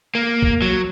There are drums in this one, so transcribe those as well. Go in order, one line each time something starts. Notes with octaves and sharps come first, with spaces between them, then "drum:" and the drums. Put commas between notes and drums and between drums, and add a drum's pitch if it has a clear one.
A#3
drum: kick F#1
F#3